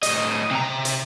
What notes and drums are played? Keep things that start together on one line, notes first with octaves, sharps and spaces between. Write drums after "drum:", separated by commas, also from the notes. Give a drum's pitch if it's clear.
A2 D#5, drum: hi-hat
C3 A#5
drum: hi-hat